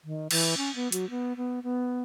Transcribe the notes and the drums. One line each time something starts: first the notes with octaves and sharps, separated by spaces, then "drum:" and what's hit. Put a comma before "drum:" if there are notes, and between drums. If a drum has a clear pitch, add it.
D#3
E3, drum: cymbal
C#4
B3
F#3, drum: hi-hat
B3
B3
B3